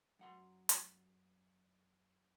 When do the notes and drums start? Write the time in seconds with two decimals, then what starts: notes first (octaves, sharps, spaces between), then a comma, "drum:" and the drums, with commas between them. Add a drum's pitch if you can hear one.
0.19 F#2 F#5 C6
0.69 drum: hi-hat